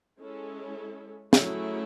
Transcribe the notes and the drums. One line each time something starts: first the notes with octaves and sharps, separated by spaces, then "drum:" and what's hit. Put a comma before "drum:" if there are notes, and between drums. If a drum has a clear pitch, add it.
G#3 C#4 E4 A4
F#3 A3 C#4 E4 G#4, drum: snare